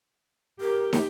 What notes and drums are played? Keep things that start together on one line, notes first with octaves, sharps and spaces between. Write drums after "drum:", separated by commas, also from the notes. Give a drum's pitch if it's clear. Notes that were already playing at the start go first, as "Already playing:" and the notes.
G4 A#4
drum: snare